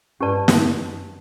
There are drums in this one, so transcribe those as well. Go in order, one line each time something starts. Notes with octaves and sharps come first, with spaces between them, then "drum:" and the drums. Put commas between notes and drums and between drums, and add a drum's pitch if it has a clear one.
G2 C#4 G4 B4 D5 A5
drum: snare
F#2